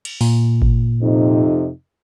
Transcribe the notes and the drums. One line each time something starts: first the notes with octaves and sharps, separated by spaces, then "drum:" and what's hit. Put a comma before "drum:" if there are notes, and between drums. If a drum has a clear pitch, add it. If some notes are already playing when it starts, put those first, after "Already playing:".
drum: cymbal
A#2, drum: open hi-hat
drum: kick G#1
F2 C3 D#4